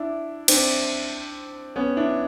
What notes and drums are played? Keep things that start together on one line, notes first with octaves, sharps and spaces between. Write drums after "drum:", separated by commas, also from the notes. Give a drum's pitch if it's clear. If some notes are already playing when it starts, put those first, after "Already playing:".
Already playing: D4 E4
C4 D4, drum: cymbal
B3 C#4
D4 E4